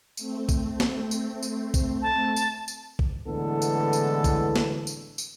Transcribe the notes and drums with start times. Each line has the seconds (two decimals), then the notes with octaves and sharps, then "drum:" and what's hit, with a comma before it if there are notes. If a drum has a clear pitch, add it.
0.17 A3 C4, drum: tambourine
0.49 drum: kick A#1, tambourine
0.80 drum: snare
1.11 drum: tambourine
1.43 drum: tambourine
1.74 drum: kick A#1, tambourine
2.02 A5
2.36 drum: tambourine
2.68 drum: tambourine
2.99 drum: kick A#1
3.26 A2 D3 E3 G#3 B3 A4
3.62 drum: tambourine
3.93 drum: tambourine
4.24 drum: kick A#1, tambourine
4.56 drum: snare
4.87 drum: tambourine
5.18 drum: tambourine